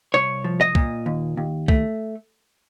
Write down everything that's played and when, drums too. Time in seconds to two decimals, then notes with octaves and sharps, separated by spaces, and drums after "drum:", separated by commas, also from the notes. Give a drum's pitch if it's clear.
0.14 C2 C#5
0.44 F3
0.61 D#5
0.75 A#2, drum: kick
1.06 D#2
1.37 D#2
1.68 A3, drum: kick